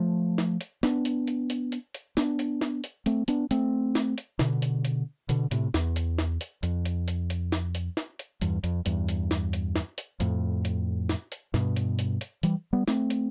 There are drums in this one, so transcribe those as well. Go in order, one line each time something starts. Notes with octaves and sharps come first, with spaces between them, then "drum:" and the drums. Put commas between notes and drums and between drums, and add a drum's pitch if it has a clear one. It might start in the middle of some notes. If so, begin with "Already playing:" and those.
Already playing: F3 A3
drum: snare
drum: hi-hat
B3 D4, drum: snare
drum: hi-hat
drum: hi-hat
drum: hi-hat
drum: hi-hat
drum: hi-hat
B3 D4, drum: snare
drum: hi-hat
drum: snare
drum: hi-hat
A3 C4, drum: hi-hat
B3 D4, drum: hi-hat
A3 C4, drum: hi-hat
drum: snare
drum: hi-hat
B2 D3, drum: snare
drum: hi-hat
drum: hi-hat
B2 D3, drum: hi-hat
A2 C3, drum: hi-hat
E2, drum: snare
drum: hi-hat
drum: snare
drum: hi-hat
F2, drum: hi-hat
drum: hi-hat
drum: hi-hat
drum: hi-hat
drum: snare
drum: hi-hat
drum: snare
drum: hi-hat
E2 G2, drum: hi-hat
F2, drum: hi-hat
E2 G2, drum: hi-hat
drum: hi-hat
drum: snare
drum: hi-hat
drum: snare
drum: hi-hat
F2 A2, drum: hi-hat
drum: hi-hat
drum: snare
drum: hi-hat
G2 B2, drum: snare
drum: hi-hat
drum: hi-hat
drum: hi-hat
E3 G3, drum: hi-hat
G3 B3
A3 C4, drum: snare
drum: hi-hat